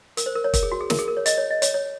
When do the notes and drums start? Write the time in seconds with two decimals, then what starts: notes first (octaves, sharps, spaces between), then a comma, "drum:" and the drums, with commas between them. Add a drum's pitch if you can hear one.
0.17 A#4, drum: hi-hat
0.26 C5
0.35 A#4
0.44 C#5
0.54 A#4, drum: kick, hi-hat
0.63 G#4
0.72 F#4
0.81 G#4
0.90 A#4, drum: snare
0.99 G#4
1.08 A#4
1.17 C#5
1.26 D#5, drum: hi-hat
1.38 C#5
1.51 D#5
1.62 C#5, drum: hi-hat
1.74 C#5